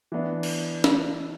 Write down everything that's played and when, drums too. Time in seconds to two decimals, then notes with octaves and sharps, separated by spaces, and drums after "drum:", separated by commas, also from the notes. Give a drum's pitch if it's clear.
0.12 E3 B3 D4
0.43 drum: cymbal
0.84 drum: snare